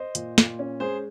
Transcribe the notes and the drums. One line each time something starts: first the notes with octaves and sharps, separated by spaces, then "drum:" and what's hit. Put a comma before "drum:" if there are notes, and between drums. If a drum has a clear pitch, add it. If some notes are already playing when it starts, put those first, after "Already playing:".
Already playing: C5 D#5
A#2, drum: hi-hat
A#2, drum: snare
C#4
G#3 G#4 C5